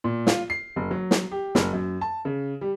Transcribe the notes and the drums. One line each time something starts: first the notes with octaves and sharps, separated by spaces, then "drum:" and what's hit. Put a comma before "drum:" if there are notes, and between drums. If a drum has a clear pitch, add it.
A#2
F4, drum: snare
C7
F#1
F#3
drum: snare
G4
F#1, drum: snare
F#2
A5
C#3
G3